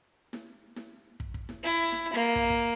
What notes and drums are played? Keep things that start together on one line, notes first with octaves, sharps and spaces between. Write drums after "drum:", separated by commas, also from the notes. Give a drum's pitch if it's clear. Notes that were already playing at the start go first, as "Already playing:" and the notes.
drum: snare E4
drum: snare E4
drum: kick
drum: kick
drum: snare E4
E4
drum: snare E4
A#3
drum: kick
drum: kick